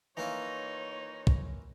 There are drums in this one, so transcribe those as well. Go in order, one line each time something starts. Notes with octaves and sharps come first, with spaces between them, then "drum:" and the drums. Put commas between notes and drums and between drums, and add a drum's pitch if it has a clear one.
E3 A#3 D#4 F4 C#5
drum: kick